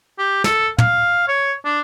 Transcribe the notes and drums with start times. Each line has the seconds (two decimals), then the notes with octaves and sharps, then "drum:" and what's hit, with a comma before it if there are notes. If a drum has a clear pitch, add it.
0.18 G4
0.44 A4, drum: snare
0.78 F5, drum: tom
1.28 C#5
1.65 D4